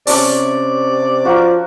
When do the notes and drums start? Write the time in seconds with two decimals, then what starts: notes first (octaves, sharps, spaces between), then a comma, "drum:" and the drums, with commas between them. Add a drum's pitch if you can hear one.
0.07 C3 C#4 D4 D5 C#6, drum: open hi-hat
1.25 F3 F#4 A#4